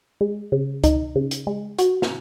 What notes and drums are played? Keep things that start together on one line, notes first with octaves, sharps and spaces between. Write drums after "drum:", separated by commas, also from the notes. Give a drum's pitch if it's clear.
G#3
C#3
D#4, drum: kick C#2, hi-hat
C#3
drum: hi-hat
G#3
F#4, drum: hi-hat
drum: snare